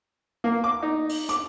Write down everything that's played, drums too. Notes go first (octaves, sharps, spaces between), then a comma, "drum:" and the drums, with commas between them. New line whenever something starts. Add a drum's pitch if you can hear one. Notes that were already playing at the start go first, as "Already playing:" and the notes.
A#3
D6
D#4
drum: open hi-hat
D6, drum: hi-hat